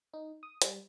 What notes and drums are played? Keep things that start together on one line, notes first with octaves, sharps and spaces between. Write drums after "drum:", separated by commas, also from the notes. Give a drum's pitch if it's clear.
D#4
D#6
G3, drum: hi-hat